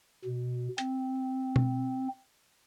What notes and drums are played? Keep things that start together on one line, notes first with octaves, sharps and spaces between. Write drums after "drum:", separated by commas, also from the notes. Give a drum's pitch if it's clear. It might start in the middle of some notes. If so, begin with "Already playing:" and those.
B2
C4, drum: hi-hat
drum: tom B2